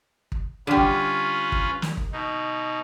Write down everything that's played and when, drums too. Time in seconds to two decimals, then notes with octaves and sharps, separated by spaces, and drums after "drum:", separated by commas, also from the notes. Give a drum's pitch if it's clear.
0.32 drum: kick
0.67 D3 G3 C#4 F4 B4
0.77 drum: kick
1.52 drum: kick
1.82 drum: snare
1.97 drum: kick
2.12 B2 D#4